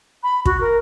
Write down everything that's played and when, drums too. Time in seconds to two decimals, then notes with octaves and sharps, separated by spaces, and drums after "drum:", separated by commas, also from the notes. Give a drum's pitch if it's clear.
0.23 B5
0.46 F#4, drum: kick
0.61 A#4